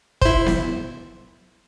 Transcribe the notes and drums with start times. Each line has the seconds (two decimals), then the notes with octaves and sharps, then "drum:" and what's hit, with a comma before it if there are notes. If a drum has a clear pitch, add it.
0.22 E4 C5, drum: kick
0.46 drum: snare B3